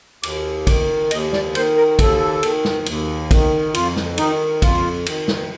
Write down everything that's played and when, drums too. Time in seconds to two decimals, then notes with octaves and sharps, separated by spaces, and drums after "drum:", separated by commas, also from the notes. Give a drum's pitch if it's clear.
0.23 D#2 D6, drum: cymbal
0.67 D#3 D6, drum: kick, cymbal
1.11 D#2 D#5, drum: cymbal
1.33 D5, drum: snare
1.55 D#3 C5, drum: cymbal
1.77 A#4
1.99 D#2 A4, drum: kick, cymbal
2.43 D#3, drum: cymbal
2.65 drum: snare
2.86 D#2, drum: cymbal
3.31 D#3, drum: kick, cymbal
3.74 F2 F4, drum: cymbal
3.96 drum: snare
4.18 D#3 D#4, drum: cymbal
4.62 F2 F4, drum: kick, cymbal
5.06 D#3, drum: cymbal
5.28 drum: snare